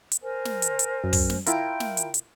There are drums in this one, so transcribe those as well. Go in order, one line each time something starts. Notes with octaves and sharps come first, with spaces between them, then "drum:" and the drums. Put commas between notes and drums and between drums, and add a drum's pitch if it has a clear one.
drum: hi-hat
A#4 C5 G#5
drum: snare
drum: hi-hat
drum: hi-hat
F#2
drum: kick, open hi-hat
drum: snare
E4 F4 A#4 G5, drum: hi-hat
drum: snare
drum: hi-hat
drum: hi-hat